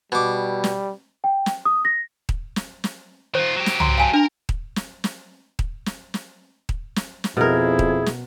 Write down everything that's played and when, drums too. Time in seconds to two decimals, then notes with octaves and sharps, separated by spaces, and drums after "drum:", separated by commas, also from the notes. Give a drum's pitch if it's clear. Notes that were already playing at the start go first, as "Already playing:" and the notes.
0.12 B2 G3 D6
0.64 drum: snare
1.24 G5
1.46 drum: snare
1.65 D#6
1.85 A#6
2.29 drum: kick D#1
2.56 drum: snare
2.84 drum: snare
3.35 D#3 F4 C5
3.56 F#3 G4
3.66 drum: snare
3.80 A#5 C6, drum: tom
3.98 F5 G#5 A5
4.14 D4 A#4 A#5
4.49 drum: kick D#1
4.76 drum: snare
5.04 drum: snare
5.59 drum: kick D#1
5.86 drum: snare
6.14 drum: snare
6.69 drum: kick D#1
6.96 drum: snare
7.24 drum: snare
7.37 F2 B2 E4 G#4 A#4
7.79 drum: kick D#1
8.06 drum: snare